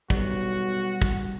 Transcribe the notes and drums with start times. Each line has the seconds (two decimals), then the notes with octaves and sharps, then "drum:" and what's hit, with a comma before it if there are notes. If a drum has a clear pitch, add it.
0.10 B1 G3 F#4, drum: kick
1.02 drum: kick